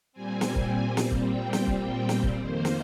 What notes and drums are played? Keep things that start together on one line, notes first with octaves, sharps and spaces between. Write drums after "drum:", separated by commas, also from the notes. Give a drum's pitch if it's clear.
A#2 G3 C4 G#5
drum: snare
drum: kick C#1
drum: snare
drum: kick C#1
G5
drum: snare
drum: kick C#1
G5
drum: snare
drum: kick C#1
F2 D#3 A#3 C5
drum: snare